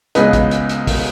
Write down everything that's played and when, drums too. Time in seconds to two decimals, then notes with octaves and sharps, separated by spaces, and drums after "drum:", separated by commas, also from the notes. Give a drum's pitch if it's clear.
0.15 C#2 C#3 G#3 B3 B4 D#5, drum: hi-hat
0.33 drum: kick, hi-hat
0.51 drum: hi-hat
0.69 drum: hi-hat
0.87 drum: kick, open hi-hat